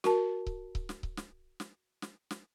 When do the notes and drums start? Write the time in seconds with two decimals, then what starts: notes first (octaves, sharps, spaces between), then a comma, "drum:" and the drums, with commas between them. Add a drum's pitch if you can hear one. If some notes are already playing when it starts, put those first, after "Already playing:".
0.04 F#4 A#4 A5, drum: snare
0.47 drum: kick C#1
0.75 drum: kick C#1
0.89 drum: snare
1.03 drum: kick C#1
1.17 drum: snare
1.60 drum: snare
2.02 drum: snare
2.31 drum: snare